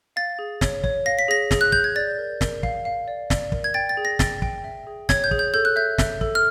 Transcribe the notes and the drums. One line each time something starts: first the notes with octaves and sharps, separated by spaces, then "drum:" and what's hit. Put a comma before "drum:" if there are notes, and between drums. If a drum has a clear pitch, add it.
F5 A6
G#4
C#5, drum: snare
C#5, drum: kick
F5 A#6
B6
G#4 A#6
G#4, drum: snare
F#6
G#4 G6, drum: kick
G#6
D5 A6
A#4
A#4, drum: snare
F5, drum: kick
F5
D5
D5, drum: snare
A#4, drum: kick
G#6
G5 A6
A6
G#4
A#6
G5 A6, drum: snare
G5, drum: kick
E5
G#4
C#5 G#6, drum: snare
G6
G#4, drum: kick
G6
A4 G6
F#6
E5 G6
E5, drum: snare
A4, drum: kick
F6